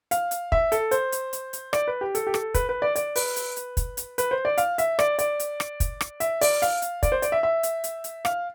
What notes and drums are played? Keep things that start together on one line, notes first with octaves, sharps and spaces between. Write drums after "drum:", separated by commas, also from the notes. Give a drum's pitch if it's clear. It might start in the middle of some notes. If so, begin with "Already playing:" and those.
F5, drum: hi-hat
drum: hi-hat
E5, drum: kick
A4, drum: hi-hat
C5, drum: hi-hat
drum: hi-hat
drum: hi-hat
drum: hi-hat
D5, drum: rim click
B4
G4
A4, drum: hi-hat
G4
A4, drum: rim click
B4, drum: kick, hi-hat
B4
D5
D5, drum: hi-hat
B4, drum: open hi-hat
drum: hi-hat
drum: hi-hat
drum: kick, hi-hat
drum: hi-hat
B4, drum: hi-hat
C5
D5
F5, drum: hi-hat
E5, drum: hi-hat
D5, drum: rim click
D5, drum: hi-hat
drum: hi-hat
drum: rim click
drum: kick, hi-hat
drum: rim click
E5, drum: hi-hat
D5, drum: open hi-hat
F5, drum: hi-hat
drum: hi-hat
D5, drum: kick, hi-hat
C5
D5, drum: hi-hat
E5
E5
drum: hi-hat
drum: hi-hat
drum: hi-hat
F5, drum: rim click